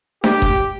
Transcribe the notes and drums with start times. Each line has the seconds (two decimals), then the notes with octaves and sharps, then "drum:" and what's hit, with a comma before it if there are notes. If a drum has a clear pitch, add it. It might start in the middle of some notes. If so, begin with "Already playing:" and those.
0.24 G4, drum: snare D4
0.42 drum: kick F#1